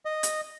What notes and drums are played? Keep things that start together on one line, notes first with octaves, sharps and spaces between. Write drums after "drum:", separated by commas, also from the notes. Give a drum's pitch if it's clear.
D#5
drum: hi-hat